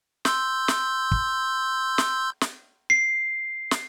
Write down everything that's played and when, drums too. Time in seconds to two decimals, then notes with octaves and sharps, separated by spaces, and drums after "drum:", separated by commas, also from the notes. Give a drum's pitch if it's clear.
0.25 C6 E6 G6, drum: snare
0.68 drum: snare
1.12 drum: kick
1.98 drum: snare
2.41 drum: snare
2.90 C7
3.71 drum: snare